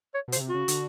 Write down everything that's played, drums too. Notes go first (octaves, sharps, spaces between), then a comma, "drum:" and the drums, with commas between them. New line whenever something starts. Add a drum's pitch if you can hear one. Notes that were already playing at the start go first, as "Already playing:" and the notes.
C#5
B2
C5, drum: hi-hat
C#3
C3
F#4
C#3
D3, drum: hi-hat